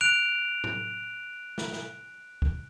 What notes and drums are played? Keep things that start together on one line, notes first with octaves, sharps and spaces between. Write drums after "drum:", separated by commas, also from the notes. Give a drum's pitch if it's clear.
F#6 D7 F7
drum: tom A2
drum: snare
drum: snare
drum: kick